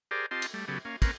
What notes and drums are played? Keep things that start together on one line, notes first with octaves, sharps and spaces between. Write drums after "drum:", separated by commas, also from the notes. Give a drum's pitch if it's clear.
G4 G#4 A#4 C5 D5
C4 F4 G4 D#5 A5 C6
drum: cymbal
G3 A3
C#3 F#3 B3 G4 A4
A#3 C#4 F5
A#3 C4 C#4 A#4 B4, drum: kick, cymbal